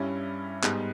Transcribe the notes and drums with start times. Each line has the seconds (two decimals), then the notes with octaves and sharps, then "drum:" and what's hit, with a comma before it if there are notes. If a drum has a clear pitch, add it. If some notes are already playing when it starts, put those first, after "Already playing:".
Already playing: G2 G3 C#4 E4
0.64 G#2 G3 B3 D#4, drum: clap